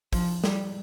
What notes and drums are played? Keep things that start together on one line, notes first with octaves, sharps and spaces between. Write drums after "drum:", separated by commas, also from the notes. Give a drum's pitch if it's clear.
F3, drum: kick, open hi-hat
G3, drum: snare